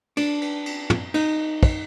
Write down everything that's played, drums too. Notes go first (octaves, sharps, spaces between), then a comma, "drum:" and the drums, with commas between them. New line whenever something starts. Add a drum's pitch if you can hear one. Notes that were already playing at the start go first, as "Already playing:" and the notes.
D4, drum: cymbal
drum: cymbal
drum: cymbal
drum: tom
D#4, drum: cymbal
drum: kick, cymbal